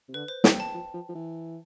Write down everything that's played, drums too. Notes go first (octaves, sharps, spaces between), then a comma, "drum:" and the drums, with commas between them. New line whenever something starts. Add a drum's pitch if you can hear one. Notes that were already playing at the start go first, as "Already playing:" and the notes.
C3
D3 B4
C5
E3 G5, drum: snare
A5
F3
F3
F3
E3